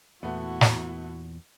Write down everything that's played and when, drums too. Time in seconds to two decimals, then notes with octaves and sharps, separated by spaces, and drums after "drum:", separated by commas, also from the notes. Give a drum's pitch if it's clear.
0.23 E2 A#2 A3 B3 E4 F#4
0.61 drum: snare